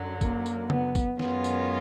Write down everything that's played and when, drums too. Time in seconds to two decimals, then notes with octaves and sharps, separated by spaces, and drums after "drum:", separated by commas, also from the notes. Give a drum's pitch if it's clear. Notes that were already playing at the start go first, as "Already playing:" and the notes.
Already playing: F#2 D3 F#3
0.21 A#3, drum: kick, tambourine
0.46 drum: tambourine
0.70 B3, drum: tom C#3
0.95 drum: kick, tambourine
1.19 F#2 D#3 G#3 B3 C#4 F4, drum: snare
1.44 drum: tambourine